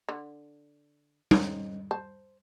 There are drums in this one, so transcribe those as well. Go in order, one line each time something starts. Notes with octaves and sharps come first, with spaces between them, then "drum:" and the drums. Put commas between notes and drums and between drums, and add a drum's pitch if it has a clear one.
D3
C4 C#4 D#4, drum: tom G3
C5 A5